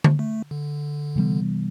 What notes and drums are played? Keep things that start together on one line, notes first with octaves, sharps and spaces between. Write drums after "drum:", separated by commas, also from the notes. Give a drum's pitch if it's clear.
drum: tom D3
A3
D3
C3 E3 G3 B3